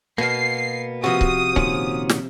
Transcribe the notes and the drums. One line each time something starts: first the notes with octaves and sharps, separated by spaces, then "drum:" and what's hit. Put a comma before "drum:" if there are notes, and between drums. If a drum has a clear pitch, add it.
B2 A#3 B3 F5 C7
C3 F3 F#4 D#6
drum: kick C#1
A#2 D#3 C#4, drum: kick C#1
drum: snare